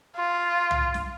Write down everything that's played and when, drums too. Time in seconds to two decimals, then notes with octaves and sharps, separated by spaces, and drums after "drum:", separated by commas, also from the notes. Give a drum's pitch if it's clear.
0.16 F4
0.71 drum: tom
0.94 drum: snare